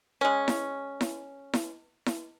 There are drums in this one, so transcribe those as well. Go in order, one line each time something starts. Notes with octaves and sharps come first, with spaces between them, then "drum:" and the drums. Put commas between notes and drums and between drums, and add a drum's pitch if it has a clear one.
G#3 C#4
drum: snare E4
drum: snare E4
drum: snare E4
drum: snare E4